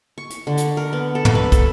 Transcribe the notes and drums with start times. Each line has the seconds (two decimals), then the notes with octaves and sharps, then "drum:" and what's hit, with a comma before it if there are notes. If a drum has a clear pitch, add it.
0.18 C#6
0.30 drum: hi-hat
0.47 D3
0.57 drum: hi-hat
0.77 A#4
0.93 B3
1.15 A4
1.25 drum: tom
1.35 B4
1.52 A4, drum: kick, hi-hat